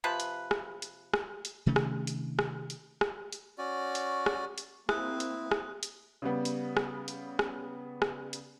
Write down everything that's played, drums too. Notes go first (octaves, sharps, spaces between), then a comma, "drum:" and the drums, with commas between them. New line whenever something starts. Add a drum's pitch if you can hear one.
C3 F3 B4
drum: hi-hat
drum: rim click
drum: hi-hat
drum: rim click
drum: hi-hat
C3 D#3 A3 C#4
drum: rim click
drum: hi-hat
drum: rim click
drum: hi-hat
drum: rim click
drum: hi-hat
C#4 F#4 D5
drum: hi-hat
drum: rim click
drum: hi-hat
A#3 C4 E4 D#6 F#6, drum: rim click
drum: hi-hat
drum: rim click
drum: hi-hat
C#3 G3 B3
drum: hi-hat
drum: rim click
drum: hi-hat
drum: rim click
drum: rim click
drum: hi-hat